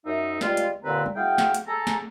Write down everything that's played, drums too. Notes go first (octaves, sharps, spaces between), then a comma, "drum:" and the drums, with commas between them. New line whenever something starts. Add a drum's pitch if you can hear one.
F#2 D#4 E5
C#2 G3 G#3 F4, drum: snare
drum: hi-hat
D#2 A#2 D3 C4 B4 A#5
drum: tom G3
E4 F#4 G#4 F5 G5
drum: snare
drum: hi-hat
G#4 A4 A#5
drum: snare